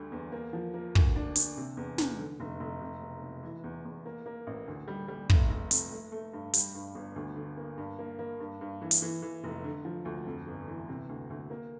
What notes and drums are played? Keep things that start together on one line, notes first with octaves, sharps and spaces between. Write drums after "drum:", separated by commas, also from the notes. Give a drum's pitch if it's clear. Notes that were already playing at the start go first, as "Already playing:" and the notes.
Already playing: D2 D3 G3
E2
A#3
F3
A#3
D2, drum: kick
D4
D4, drum: hi-hat
C3
E2
E2, drum: snare
D3
F1
F1
C3
E1
E1
E3
E2
E2
A#3
A#3
A1
D2
G3
G3
F1, drum: kick
F1
F2, drum: hi-hat
A3
A3
G2
G3, drum: hi-hat
G2
G1
D2
D3
A#3
G2
A#3
A#3
G2
G2
E3
drum: hi-hat
E3
E3
F1
D3
F3
D2
F2
G1
E3
C3
D2
D2
A#3